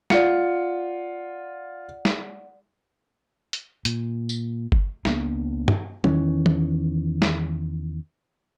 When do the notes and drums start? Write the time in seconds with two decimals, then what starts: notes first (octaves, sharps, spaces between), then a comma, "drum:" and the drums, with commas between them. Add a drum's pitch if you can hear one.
0.10 F4 D5 F#5 C#7, drum: snare
2.05 drum: snare
3.53 drum: hi-hat
3.85 A#2, drum: hi-hat
4.29 drum: tambourine
4.72 drum: kick G1
5.05 C#2 A#3 B3 D4, drum: snare
5.68 drum: tom
6.04 E2 D#3 E3 C#4, drum: tom
6.46 drum: tom
7.22 drum: snare